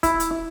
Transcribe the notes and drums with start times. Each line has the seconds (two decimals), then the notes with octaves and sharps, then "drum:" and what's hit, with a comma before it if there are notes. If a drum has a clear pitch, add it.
0.03 E4, drum: kick, hi-hat
0.20 drum: hi-hat